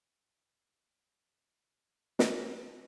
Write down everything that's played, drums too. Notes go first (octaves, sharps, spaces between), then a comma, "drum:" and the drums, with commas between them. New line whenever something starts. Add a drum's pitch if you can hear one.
A#4, drum: snare